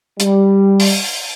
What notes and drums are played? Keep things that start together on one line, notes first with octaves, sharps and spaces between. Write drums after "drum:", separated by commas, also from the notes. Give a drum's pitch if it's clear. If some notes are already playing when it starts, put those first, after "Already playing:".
G3, drum: hi-hat
drum: open hi-hat